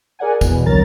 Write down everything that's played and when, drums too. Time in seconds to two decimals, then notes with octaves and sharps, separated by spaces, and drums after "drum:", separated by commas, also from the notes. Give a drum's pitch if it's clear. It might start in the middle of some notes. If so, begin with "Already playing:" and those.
0.19 G#4 A#4 D5 F#5 G#5
0.41 E2 B2, drum: kick, tambourine
0.66 G1 C2 F#3 A#4 A#5 A6